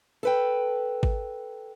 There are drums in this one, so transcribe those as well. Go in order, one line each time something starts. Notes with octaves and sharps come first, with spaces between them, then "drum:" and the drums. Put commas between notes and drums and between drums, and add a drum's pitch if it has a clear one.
A4 B4 G5
drum: kick G#1